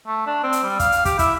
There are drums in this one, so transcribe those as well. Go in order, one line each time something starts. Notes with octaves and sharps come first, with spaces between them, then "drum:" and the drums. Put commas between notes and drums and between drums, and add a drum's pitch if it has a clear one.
A3
D4
C4
drum: hi-hat
G3
F5, drum: kick, hi-hat
drum: hi-hat
G4, drum: kick, hi-hat
E4, drum: kick, hi-hat